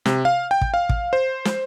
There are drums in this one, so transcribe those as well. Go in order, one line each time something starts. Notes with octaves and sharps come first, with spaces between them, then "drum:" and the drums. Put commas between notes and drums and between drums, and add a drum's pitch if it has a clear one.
C3, drum: snare
F5
G5
drum: kick
F5
drum: kick
C5
drum: snare